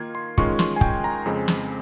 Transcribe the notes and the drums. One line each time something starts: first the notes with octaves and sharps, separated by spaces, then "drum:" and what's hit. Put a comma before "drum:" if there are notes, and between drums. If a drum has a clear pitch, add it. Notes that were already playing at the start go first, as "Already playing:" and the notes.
Already playing: D#3 A#3 F4 G#6
C6
D#3 G#3 C#4 F4 C#6, drum: kick
C6, drum: snare
G#5
G5, drum: kick
A#5
F2 C#3 G#3 C4
drum: snare